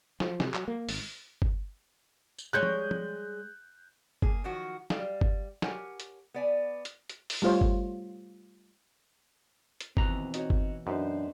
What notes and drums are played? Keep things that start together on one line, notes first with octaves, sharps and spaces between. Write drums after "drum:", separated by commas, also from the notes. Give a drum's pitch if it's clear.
F3, drum: snare
C3, drum: snare
F#3, drum: clap
A#3
G#1, drum: open hi-hat
drum: kick
drum: tambourine
G3 G#3 C#5 F#6 G6
drum: tom
drum: tom
A#3 G#4, drum: kick
D#3 F3 F#3 F#4
G3 F5 G5, drum: snare
drum: kick
G4 A#4 C#5 F#5 G#5, drum: snare
drum: hi-hat
B3 D5 G#5
drum: hi-hat
drum: hi-hat
drum: open hi-hat
G3 A3 F4 C5 C#5
drum: kick
drum: hi-hat
D#2 B2 E3 C4 A#5 F#6, drum: kick
D#4 F#4 C#5, drum: hi-hat
drum: kick
F#2 D4 D#4 B4 C5